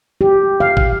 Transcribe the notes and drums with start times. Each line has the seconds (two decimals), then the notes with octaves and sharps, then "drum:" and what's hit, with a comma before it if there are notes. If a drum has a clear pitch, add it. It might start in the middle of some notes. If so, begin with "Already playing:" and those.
0.21 G4
0.60 F5
0.77 drum: kick